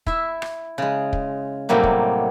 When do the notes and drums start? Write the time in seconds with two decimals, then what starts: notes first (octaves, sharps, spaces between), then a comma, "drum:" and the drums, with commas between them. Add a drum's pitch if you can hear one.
0.06 E4 E5, drum: kick
0.42 drum: rim click
0.78 C#3 G#3
1.13 drum: kick
1.69 A2 C3 F#3 G3 A#3
1.83 drum: kick